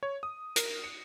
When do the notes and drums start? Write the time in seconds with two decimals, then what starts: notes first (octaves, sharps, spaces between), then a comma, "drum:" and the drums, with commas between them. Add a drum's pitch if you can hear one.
0.03 C#5
0.23 D#6
0.56 A#4, drum: hi-hat
0.84 C#7